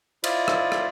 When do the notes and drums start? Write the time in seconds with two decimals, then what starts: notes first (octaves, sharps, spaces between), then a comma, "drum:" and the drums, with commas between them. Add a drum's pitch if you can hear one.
0.24 E4 F4 C5 D5 D#5, drum: cymbal
0.48 drum: rim click
0.72 drum: rim click